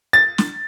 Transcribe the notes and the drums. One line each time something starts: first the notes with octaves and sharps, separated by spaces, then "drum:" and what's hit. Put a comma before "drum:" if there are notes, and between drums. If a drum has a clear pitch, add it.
A6
drum: snare